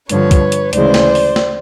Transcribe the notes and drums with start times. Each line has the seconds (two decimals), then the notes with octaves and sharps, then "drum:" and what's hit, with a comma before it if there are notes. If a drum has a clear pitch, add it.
0.09 G2 D3 F3 B4 C#5, drum: hi-hat
0.31 drum: kick, hi-hat
0.52 drum: hi-hat
0.73 D2 C#3 E3 G#3 C5 D5, drum: hi-hat
0.94 drum: snare
1.15 drum: open hi-hat
1.36 drum: snare